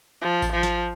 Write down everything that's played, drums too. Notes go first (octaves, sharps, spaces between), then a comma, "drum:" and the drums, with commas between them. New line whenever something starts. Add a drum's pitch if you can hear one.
F3
drum: kick A1, tambourine
F3
drum: snare